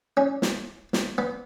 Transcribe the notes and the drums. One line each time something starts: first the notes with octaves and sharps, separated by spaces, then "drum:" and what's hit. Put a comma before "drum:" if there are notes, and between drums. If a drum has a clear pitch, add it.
C#4
drum: snare
drum: snare
B3